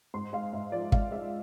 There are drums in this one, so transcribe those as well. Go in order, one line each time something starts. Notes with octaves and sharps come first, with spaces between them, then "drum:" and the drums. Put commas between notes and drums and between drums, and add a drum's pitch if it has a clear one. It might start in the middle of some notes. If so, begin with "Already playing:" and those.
G#2 C6
G#3 F5
G#2 E5
F3 D5
G#2 F5, drum: kick
G#3 E5